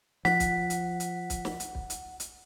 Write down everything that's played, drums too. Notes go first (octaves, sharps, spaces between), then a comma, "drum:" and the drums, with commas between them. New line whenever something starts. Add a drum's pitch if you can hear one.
F3 F#5 B6, drum: snare
drum: kick, hi-hat
drum: hi-hat
drum: hi-hat
drum: kick, hi-hat
drum: snare
drum: hi-hat
drum: kick
drum: hi-hat
drum: hi-hat